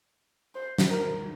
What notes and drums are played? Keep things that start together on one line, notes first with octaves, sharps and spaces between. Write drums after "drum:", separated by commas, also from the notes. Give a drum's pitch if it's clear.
C5
drum: snare
A#4